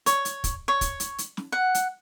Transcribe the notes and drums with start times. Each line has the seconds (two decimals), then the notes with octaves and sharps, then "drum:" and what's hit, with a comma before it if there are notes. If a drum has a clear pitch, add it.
0.06 C#5, drum: hi-hat
0.25 drum: hi-hat
0.44 drum: kick, hi-hat
0.68 C#5
0.81 drum: kick, hi-hat
1.00 drum: hi-hat
1.18 drum: hi-hat
1.37 drum: snare
1.52 F#5
1.75 drum: hi-hat